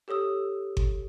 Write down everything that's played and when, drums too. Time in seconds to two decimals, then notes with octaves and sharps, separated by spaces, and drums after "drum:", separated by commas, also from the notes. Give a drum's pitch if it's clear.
0.08 G4 A4 C#5 D#6 E6
0.77 drum: kick G1